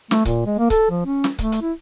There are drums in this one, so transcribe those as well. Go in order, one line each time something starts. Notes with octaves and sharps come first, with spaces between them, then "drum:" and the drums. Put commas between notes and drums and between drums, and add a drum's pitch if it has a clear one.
A3, drum: snare
A#2, drum: kick C#1, hi-hat
G#3
A#3
A4, drum: kick C#1, hi-hat
F3
C#4
drum: snare
A3, drum: kick C#1, hi-hat
drum: hi-hat
E4